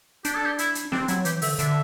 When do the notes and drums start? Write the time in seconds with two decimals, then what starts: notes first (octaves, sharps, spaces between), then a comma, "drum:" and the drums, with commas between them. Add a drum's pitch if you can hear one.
0.24 D4 G4, drum: hi-hat
0.35 A4
0.45 G4
0.58 E4, drum: hi-hat
0.75 drum: hi-hat
0.92 C4 D4, drum: snare
1.08 F#3 E4, drum: hi-hat
1.25 E3 G4, drum: hi-hat
1.42 D3 E5, drum: open hi-hat
1.59 D3 E5, drum: hi-hat